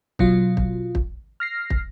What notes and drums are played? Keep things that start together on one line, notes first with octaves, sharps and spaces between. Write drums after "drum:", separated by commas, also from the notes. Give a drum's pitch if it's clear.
B2 F#3 F4, drum: kick
drum: kick
drum: kick
F6 A#6 C7
drum: kick